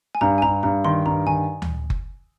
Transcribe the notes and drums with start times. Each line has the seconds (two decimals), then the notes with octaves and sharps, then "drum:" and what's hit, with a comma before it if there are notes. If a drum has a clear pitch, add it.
0.15 G#5
0.21 G2 A#5
0.38 G#5
0.42 G2 A#5
0.63 G2 A#5
0.84 D#3 C6
1.06 G2 A#5
1.27 D#3 G#5
1.62 drum: tom D2
1.90 drum: kick F#1